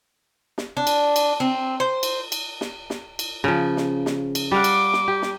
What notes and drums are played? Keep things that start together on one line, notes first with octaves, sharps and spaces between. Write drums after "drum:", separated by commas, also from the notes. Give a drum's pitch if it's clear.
drum: snare
D4
drum: cymbal
drum: cymbal
C4
C5
drum: cymbal
drum: cymbal
drum: snare
drum: snare
drum: cymbal
C#3 F3
drum: snare
drum: snare
drum: cymbal
G3 F5 F#5 D6
drum: cymbal
drum: snare
G4
drum: snare